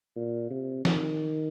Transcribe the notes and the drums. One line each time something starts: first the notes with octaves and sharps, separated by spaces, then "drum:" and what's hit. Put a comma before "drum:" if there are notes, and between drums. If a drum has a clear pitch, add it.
A#2
C3
D#3, drum: snare